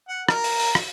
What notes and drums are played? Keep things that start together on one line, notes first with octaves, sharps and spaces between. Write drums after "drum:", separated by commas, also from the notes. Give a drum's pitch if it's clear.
F#5
A#4, drum: rim click
drum: open hi-hat
drum: open hi-hat
drum: rim click